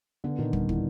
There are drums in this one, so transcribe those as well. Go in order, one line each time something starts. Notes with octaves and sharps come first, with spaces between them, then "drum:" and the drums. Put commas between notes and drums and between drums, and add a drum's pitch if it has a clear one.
D3 B3
A#2 D#3
G3, drum: kick
E4, drum: kick